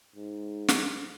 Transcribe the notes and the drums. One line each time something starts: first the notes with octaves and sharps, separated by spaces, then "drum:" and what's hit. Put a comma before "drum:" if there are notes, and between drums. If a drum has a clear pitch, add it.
G#2
drum: snare